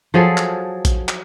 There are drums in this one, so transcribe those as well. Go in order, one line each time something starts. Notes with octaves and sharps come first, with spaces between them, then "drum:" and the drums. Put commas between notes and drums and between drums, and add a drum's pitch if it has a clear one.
F3 F#3 G#4 A4
drum: clap
drum: kick A#1, hi-hat
drum: clap